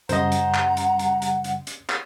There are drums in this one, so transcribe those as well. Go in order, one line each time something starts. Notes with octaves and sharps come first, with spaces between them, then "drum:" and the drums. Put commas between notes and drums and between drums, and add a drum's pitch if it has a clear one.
F#2 C#3 G3 C5 D#5 F#5 A#5, drum: hi-hat
drum: hi-hat
drum: clap
drum: hi-hat
drum: hi-hat
drum: hi-hat
drum: hi-hat
drum: hi-hat
drum: clap